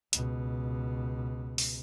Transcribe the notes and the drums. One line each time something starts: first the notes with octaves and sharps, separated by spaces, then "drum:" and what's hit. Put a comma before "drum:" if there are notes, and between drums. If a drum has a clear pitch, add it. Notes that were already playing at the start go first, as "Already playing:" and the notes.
C#2 B2, drum: hi-hat
drum: open hi-hat